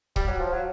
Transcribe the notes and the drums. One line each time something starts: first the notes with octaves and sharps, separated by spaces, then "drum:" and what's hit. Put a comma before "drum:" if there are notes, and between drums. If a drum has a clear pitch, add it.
G3, drum: kick C#1
F#3
F3
F#3